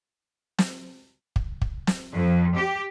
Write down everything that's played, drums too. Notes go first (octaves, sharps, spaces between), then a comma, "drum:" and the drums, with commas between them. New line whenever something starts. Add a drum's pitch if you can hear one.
drum: snare
drum: kick
drum: kick
drum: snare
F2
G4